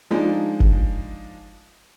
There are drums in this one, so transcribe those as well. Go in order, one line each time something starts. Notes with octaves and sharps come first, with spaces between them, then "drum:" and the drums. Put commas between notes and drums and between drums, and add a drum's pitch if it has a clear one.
F3 G#3 D4 D#4
drum: kick